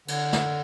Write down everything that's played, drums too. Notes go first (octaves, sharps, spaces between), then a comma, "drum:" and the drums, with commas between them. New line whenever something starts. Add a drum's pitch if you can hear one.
D3, drum: cymbal
drum: snare